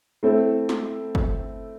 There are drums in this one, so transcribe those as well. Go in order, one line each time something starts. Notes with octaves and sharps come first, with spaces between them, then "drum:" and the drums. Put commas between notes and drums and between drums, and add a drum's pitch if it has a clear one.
A3 C4 E4 A4
drum: snare
drum: kick